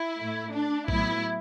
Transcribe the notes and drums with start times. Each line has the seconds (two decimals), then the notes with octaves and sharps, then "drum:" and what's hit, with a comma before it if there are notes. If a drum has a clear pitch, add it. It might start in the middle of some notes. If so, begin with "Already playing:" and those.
Already playing: E4
0.18 A2 A3
0.53 D4
0.88 A2 F#3 B3 E4, drum: kick A#1